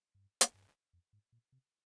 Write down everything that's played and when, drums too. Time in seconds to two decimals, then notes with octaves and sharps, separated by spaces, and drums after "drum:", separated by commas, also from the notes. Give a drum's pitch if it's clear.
0.15 G2
0.41 drum: hi-hat
0.54 G2
0.93 F2
1.13 G#2
1.32 A#2
1.52 C3